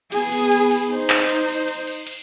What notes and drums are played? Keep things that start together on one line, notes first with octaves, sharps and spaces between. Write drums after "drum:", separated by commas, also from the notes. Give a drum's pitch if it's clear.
B3 G#4, drum: cymbal
drum: cymbal
drum: cymbal
drum: cymbal
D#4 C5
drum: clap
drum: cymbal
drum: cymbal
drum: cymbal
drum: cymbal
drum: cymbal